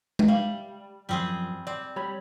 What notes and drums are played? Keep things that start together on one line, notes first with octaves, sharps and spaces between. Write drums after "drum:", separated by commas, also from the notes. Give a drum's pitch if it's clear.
drum: tom G#3
G3 E5 F5
F#2 F3 G3 C4 G#4
C4 D5
G3 C#5 B5